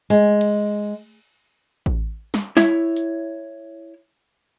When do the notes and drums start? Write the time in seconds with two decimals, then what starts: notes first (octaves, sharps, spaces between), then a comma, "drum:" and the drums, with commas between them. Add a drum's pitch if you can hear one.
0.10 G#3, drum: open hi-hat
0.41 drum: cymbal
1.86 drum: kick A1
2.34 drum: snare
2.57 E4 C#5 E5, drum: snare
2.96 drum: hi-hat